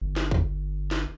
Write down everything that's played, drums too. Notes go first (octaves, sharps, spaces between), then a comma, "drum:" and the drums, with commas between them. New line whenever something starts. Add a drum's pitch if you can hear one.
G1
drum: snare
drum: kick
drum: snare